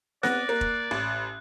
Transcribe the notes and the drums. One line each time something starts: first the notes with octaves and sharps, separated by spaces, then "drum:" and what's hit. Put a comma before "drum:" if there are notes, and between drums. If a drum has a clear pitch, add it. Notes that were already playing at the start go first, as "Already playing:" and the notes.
B3 D5 F#6 A#6, drum: snare C4
A#3
drum: kick E1
A1